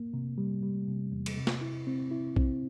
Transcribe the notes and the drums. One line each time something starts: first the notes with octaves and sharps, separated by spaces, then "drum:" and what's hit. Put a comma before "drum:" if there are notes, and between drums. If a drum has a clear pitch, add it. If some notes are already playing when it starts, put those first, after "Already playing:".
Already playing: A#3
C3
G3
G3
C3
E2
drum: cymbal
C3
drum: snare
E4
C4
E4
C4, drum: kick